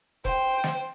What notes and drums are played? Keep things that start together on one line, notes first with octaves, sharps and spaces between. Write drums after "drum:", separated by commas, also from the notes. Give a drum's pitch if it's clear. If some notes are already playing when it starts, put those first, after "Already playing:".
C5 G5, drum: kick E1
drum: snare